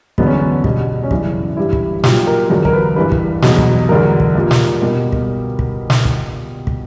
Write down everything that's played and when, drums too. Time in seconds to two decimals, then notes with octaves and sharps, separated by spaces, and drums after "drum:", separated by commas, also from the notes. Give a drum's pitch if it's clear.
0.18 E2 D3 F#3 B3, drum: kick
0.27 C#4
0.36 B3
0.64 B2 G3, drum: kick
1.03 C#4
1.11 F#2 C#3 E3 D4, drum: kick
1.57 G2 E3 G3 E4
1.73 drum: kick
2.04 A#2 F#3 G4, drum: snare
2.27 A#4
2.50 E2 D3 F#3 A#4
2.65 A#4, drum: kick
2.73 B4
2.96 G2 E3 G3 B4
3.12 drum: kick
3.42 E2 B2 F#3, drum: snare
3.58 drum: kick
3.89 E2 D3 F#3 A#4
4.20 drum: kick
4.35 A#2 G3
4.51 drum: snare
4.81 B2 G3 A#4
5.13 drum: kick
5.59 drum: kick
5.90 drum: snare
6.05 drum: kick
6.67 drum: kick